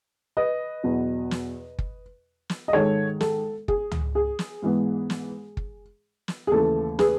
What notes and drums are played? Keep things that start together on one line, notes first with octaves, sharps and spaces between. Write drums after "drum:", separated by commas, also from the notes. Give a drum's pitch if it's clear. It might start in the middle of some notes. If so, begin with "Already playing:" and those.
B4 D#5
E2 B2 F#3 B3
drum: snare
drum: kick
drum: snare
D#5
G#2 D#3 G#3 A4 C#5
A4, drum: snare
G#4, drum: kick
drum: tom C#2
G#4
drum: snare
G#2 E3 G#3 B3
drum: snare
drum: kick
drum: snare
G#4
D#2 C#3 E3 A3 A4
G#4 B4, drum: snare